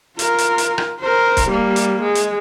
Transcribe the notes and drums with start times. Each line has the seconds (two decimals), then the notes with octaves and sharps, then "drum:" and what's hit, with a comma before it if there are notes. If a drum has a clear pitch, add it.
0.19 F4 A#4, drum: hi-hat
0.38 drum: hi-hat
0.58 drum: hi-hat
0.78 drum: rim click
1.00 A#4 C5
1.37 drum: kick C#1, hi-hat
1.47 G3 A#3
1.76 drum: hi-hat
2.01 G#3
2.15 drum: hi-hat